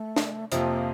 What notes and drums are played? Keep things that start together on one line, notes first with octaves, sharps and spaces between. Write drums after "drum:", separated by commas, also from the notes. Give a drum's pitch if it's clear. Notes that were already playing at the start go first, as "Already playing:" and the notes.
Already playing: A3
drum: snare
F2 C3 F3 A#3, drum: hi-hat